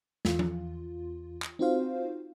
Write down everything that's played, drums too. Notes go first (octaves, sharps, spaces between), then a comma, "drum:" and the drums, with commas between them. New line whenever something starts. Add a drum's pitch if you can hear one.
E2 F4, drum: snare
drum: tom F3
drum: clap
C4 D#4 F4 F#4 C5 F5